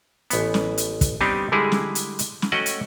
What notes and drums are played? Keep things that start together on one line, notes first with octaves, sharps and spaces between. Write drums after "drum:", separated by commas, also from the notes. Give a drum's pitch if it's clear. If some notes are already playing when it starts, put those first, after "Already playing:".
A1 B3, drum: hi-hat
drum: snare
drum: hi-hat
drum: kick, hi-hat
G3 B3 C4 D4 D#4 G4
D3 G3 G#3 E4 G#4
drum: snare
drum: hi-hat
drum: hi-hat
drum: snare
A3 C#4 F#4 D#5 F#5 G5
drum: hi-hat